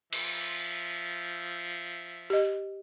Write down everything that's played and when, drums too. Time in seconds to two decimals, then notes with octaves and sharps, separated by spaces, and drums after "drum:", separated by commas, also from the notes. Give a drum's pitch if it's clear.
0.13 F3 E5, drum: cymbal
2.30 G4 D#5